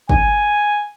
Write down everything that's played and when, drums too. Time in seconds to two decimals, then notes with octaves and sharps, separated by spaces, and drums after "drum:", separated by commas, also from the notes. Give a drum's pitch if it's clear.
0.09 G#5, drum: kick